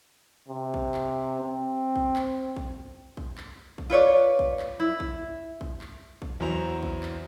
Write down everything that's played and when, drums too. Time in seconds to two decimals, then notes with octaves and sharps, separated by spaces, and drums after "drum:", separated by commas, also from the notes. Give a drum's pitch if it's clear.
0.48 C3
0.74 drum: kick
0.94 drum: clap
1.42 C4
1.96 drum: kick
2.16 drum: clap
2.56 drum: kick
3.17 drum: kick
3.38 drum: clap
3.78 drum: kick
3.90 F4 B4 C#5 D5
4.39 drum: kick
4.59 drum: clap
4.80 E4
5.00 drum: kick
5.61 drum: kick
5.81 drum: clap
6.22 drum: kick
6.40 E2 F#3 E4 C5 A#5 F7
6.83 drum: kick
7.03 drum: clap